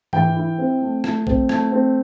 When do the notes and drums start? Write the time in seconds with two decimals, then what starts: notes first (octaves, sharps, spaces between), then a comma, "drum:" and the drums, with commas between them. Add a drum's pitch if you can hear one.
0.13 E3 G5, drum: tom G#2
0.36 E4
0.58 C4
0.81 A3
1.04 A3, drum: rim click
1.27 C4, drum: kick
1.49 A3, drum: rim click
1.72 C4